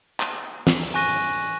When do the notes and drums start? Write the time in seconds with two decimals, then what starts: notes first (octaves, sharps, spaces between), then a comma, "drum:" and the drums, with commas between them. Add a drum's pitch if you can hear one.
0.20 drum: clap
0.67 drum: snare
0.81 drum: open hi-hat
0.94 G#5 C#6 F#6 A#6 D#7